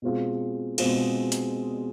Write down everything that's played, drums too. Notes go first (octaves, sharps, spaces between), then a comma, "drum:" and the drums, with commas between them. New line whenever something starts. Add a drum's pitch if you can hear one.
B2 G#3 C4 F4 G#4
B2 G#3 C4 F4 G#4, drum: cymbal
drum: hi-hat